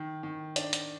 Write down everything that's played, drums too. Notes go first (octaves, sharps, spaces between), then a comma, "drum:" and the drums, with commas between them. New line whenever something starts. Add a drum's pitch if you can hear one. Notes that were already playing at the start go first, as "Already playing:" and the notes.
Already playing: D#3
D#3
D4, drum: hi-hat
drum: hi-hat